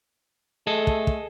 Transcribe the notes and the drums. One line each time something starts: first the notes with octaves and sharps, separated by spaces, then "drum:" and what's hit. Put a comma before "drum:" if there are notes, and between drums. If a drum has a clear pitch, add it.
A3 G#4 A4 D#5
drum: kick
drum: kick